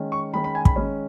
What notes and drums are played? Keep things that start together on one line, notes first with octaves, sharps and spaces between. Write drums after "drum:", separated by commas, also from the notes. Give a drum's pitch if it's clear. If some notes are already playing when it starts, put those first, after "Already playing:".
Already playing: D#3 G#3 C#4
C#6
D#3 G#3 C#4 B5
B5
G#5
B5, drum: kick
D#3 G#3 C#4